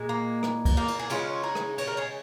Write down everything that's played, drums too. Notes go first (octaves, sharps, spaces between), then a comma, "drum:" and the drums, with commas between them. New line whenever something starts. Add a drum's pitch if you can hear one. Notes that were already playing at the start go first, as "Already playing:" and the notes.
Already playing: A#2 G#3
A#3
drum: rim click
drum: kick, cymbal
A#3 D#4
drum: cymbal
G#4
C#3 G#3 C#4 F4, drum: cymbal
D#4 G#4
drum: rim click
C#5, drum: cymbal
A#4
G#4 C#5